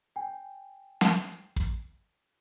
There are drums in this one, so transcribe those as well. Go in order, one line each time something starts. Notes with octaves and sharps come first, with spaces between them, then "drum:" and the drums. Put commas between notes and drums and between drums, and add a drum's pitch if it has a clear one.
G5 G#5
drum: snare
drum: kick